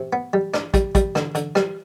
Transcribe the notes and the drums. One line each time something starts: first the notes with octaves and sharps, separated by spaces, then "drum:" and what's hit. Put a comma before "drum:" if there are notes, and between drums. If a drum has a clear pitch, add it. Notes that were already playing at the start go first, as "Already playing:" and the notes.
Already playing: C3
B3
G3
D4, drum: rim click
G3, drum: kick, hi-hat
G3, drum: kick, hi-hat
D3, drum: rim click
D3, drum: hi-hat
G3, drum: rim click